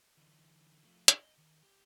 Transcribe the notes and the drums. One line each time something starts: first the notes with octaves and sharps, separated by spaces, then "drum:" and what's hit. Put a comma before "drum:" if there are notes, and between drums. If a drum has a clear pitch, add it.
D3 E3
F3 A3
D#5, drum: hi-hat
D#3
G4